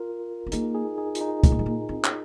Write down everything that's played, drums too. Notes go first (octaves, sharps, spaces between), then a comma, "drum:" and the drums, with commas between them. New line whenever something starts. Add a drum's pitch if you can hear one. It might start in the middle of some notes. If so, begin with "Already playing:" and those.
Already playing: F4 A#4
C4
A#3 D#4 G#4, drum: hi-hat
D#4 G#4
D#4 G#4
F4, drum: hi-hat
D#4 G#4
G#3, drum: kick, hi-hat
A#3
G#3
A#3
C4
drum: clap